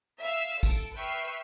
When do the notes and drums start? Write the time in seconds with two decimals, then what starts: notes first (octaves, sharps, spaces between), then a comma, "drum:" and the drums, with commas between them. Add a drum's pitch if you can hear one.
0.20 E5 F5 E6
0.63 A4 D7, drum: kick, tambourine
0.95 B4 E5 G5 C#6 F6 C7